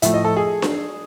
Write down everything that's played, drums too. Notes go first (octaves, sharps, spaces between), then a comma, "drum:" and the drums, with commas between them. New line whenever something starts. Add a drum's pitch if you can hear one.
A2 F3 A3 E5, drum: hi-hat
D#5
A4
G#4
drum: snare D4